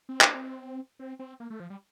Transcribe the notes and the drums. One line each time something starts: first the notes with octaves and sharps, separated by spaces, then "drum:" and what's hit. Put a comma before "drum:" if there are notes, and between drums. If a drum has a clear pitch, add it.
C4
D4, drum: clap
C4
C4
C4
A#3
A3
F3
G3